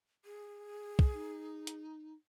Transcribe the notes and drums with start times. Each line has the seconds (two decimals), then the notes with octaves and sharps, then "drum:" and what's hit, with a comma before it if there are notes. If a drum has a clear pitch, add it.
0.25 G#4
0.99 drum: kick
1.13 D#4
1.67 drum: hi-hat